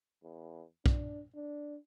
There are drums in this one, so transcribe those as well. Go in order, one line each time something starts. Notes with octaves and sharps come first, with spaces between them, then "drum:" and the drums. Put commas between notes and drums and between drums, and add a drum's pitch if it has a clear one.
E2
D4, drum: kick
D4